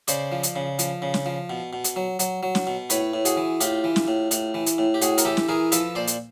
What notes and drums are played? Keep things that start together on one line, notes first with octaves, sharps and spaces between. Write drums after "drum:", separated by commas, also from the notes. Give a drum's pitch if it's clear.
C#3 C5 D5, drum: hi-hat
F3
drum: hi-hat
C#3
F3, drum: hi-hat
C#3
drum: snare
F3
B2
B2
drum: hi-hat
F#3
F#3, drum: hi-hat
F#3
drum: snare
B2
A2 B4 C#5, drum: hi-hat
A2
F#4 G#4, drum: hi-hat
E3
A2 F4 G4, drum: hi-hat
E3
drum: snare
A2
A2, drum: hi-hat
E3
drum: hi-hat
A2
G4
A2 F#4 G#4, drum: hi-hat
A#4, drum: hi-hat
E3 G4 A4
drum: snare
E3 G#4 A#4
F3 A4 B4, drum: hi-hat
A#2 C5 D5
drum: hi-hat